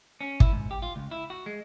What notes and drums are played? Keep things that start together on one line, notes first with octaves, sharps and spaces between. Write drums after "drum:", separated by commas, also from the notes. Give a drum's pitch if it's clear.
C#4
E4, drum: kick
G#2
G4
F4
C#2
E4
F#4
G#3